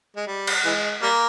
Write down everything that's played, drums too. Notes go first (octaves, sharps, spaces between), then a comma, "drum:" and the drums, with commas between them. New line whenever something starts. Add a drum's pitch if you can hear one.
G#3
G3
drum: cymbal
E3 G#3
G3 A#3